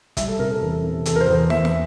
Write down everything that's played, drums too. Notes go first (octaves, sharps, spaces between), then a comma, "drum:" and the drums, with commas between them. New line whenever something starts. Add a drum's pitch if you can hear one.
G3 E5, drum: kick, hi-hat
A4
C3 A#4
A4
E2
C3
E2 A4, drum: hi-hat
A#4
C5
E2
E2 E5, drum: snare
drum: snare